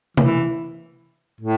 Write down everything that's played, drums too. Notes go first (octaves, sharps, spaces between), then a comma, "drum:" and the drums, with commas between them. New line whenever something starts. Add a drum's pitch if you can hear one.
E3, drum: tom C3
A2